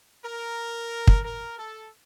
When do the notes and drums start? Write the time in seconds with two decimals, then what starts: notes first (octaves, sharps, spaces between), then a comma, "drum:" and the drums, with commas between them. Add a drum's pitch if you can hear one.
0.24 A#4
1.07 drum: kick
1.24 A#4
1.58 A4